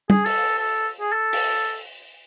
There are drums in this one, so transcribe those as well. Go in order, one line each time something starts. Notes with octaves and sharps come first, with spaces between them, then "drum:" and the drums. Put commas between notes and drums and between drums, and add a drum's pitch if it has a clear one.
G#4, drum: tom
A4, drum: open hi-hat
A4
G#4
A4
drum: open hi-hat